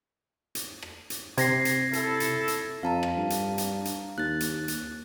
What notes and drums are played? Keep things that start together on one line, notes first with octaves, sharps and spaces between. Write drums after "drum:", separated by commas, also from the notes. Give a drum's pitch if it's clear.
drum: hi-hat
drum: rim click
drum: hi-hat
C3 G#6 A#6 C7, drum: hi-hat
drum: hi-hat
E4 A4, drum: hi-hat
drum: hi-hat
drum: hi-hat
F2 F5 A5 A#5
drum: rim click
G2
drum: hi-hat
drum: hi-hat
drum: hi-hat
D#2 F#6 A6
drum: hi-hat
drum: hi-hat